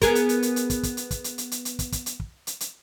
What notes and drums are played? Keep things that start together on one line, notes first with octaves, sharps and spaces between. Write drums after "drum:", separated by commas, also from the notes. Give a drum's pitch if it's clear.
B3 G#4 A#4, drum: kick, hi-hat
drum: hi-hat
drum: hi-hat
drum: hi-hat
drum: hi-hat
drum: kick, hi-hat
drum: kick, hi-hat
drum: hi-hat
drum: kick, hi-hat
drum: hi-hat
drum: hi-hat
drum: hi-hat
drum: hi-hat
drum: kick, hi-hat
drum: kick, hi-hat
drum: hi-hat
drum: kick
drum: hi-hat
drum: hi-hat